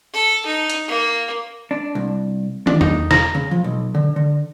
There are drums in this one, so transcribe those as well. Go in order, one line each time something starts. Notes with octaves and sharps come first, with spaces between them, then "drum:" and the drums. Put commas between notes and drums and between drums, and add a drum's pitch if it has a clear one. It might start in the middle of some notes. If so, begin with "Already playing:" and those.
A4
D#4
drum: hi-hat
A#3
D4
C2
D4, drum: tom
D#4, drum: tom E2
A#5, drum: snare
C#3
F3
B1
D3
D3